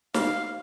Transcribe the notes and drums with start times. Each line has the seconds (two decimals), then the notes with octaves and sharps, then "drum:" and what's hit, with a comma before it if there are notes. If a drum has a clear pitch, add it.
0.14 F5, drum: snare